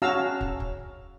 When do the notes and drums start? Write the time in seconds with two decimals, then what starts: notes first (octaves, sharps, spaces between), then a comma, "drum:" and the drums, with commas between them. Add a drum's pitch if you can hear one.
0.02 C#4 F#4 F5 A5 A#5 E6
0.41 drum: kick
0.60 drum: kick